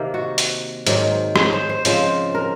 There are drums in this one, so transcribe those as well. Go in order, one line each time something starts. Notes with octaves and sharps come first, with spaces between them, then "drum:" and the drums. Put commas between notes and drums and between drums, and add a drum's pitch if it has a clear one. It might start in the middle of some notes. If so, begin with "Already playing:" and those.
Already playing: C3 D#3 A#3
F#4
drum: hi-hat
G#2 D#3 F#3 C4, drum: hi-hat
G#4, drum: rim click
C5
C5
C#3 F3 G#3 C4 C5, drum: hi-hat
A#4